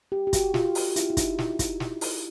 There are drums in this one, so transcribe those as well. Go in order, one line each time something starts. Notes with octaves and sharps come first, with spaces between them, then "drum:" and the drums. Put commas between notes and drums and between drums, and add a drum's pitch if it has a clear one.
G4
G4
F#4, drum: kick, hi-hat
F4, drum: snare
drum: open hi-hat
E4, drum: hi-hat
E4
D#4, drum: kick, hi-hat
E4, drum: snare
drum: kick, hi-hat
drum: snare
drum: open hi-hat